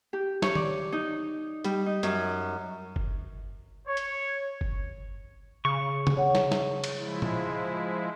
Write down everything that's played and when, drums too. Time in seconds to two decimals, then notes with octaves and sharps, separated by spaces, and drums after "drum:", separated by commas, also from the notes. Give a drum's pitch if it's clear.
0.13 G4
0.42 C#5, drum: snare
0.55 D5, drum: tom
0.92 D#4
1.64 G3, drum: hi-hat
1.86 D#4
2.03 F#2, drum: hi-hat
2.96 drum: kick F#1
3.87 C#5
3.97 drum: hi-hat
4.61 drum: kick F#1
5.65 C#3 C#6
6.07 drum: tom
6.17 C#5 F#5
6.35 drum: snare
6.51 drum: snare
6.84 drum: cymbal
6.98 F3 G#3 E4
7.22 drum: tom